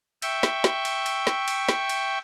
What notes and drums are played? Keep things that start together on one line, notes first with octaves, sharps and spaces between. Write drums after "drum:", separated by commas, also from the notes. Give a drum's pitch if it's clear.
E5 G5 C#6, drum: cymbal
drum: snare
drum: snare
drum: cymbal
drum: cymbal
drum: snare
drum: cymbal
drum: snare
drum: cymbal